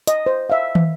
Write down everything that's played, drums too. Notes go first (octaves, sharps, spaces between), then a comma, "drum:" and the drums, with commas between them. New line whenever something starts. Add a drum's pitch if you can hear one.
D#5, drum: hi-hat
C5
E5 F5
drum: tom